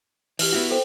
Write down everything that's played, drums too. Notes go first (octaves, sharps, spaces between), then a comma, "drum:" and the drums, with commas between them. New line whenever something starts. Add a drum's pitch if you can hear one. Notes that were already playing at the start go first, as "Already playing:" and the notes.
E3 G4 F6 F#7, drum: open hi-hat
B3 E4 F#4
A4 C5 G5